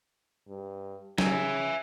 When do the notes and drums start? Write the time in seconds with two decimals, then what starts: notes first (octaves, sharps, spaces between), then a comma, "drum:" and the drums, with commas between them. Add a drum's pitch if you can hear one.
0.48 G2
1.18 C#3 E5 G#5, drum: snare